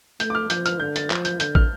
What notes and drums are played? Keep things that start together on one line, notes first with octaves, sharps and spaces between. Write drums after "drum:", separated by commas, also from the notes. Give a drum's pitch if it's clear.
A3 G6, drum: hi-hat
D6
F6
F3 G6, drum: hi-hat
F6, drum: hi-hat
D3 G6
A6, drum: hi-hat
F3, drum: clap
G6, drum: hi-hat
D3 G6, drum: hi-hat
F6, drum: kick